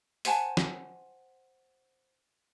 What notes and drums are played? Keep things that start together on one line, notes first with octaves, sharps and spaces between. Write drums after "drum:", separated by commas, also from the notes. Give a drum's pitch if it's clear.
C5 F#5 G#5 A5, drum: open hi-hat
drum: snare